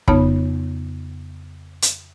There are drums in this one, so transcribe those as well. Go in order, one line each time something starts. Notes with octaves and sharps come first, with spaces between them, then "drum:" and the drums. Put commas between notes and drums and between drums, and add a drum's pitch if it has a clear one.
F2 C#3 B3 D#4 C#5 B5, drum: kick
drum: hi-hat